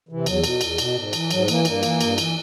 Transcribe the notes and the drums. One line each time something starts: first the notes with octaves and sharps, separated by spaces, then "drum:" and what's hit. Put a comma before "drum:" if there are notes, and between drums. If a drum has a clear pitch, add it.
C3 E3
E2 F#3, drum: cymbal
B2, drum: cymbal
E2, drum: cymbal
B2, drum: cymbal
G#2
E3, drum: cymbal
G#2 F#3, drum: cymbal
E3 A#3, drum: cymbal
G2 A#3, drum: cymbal
E3, drum: cymbal
G2, drum: cymbal
E3, drum: cymbal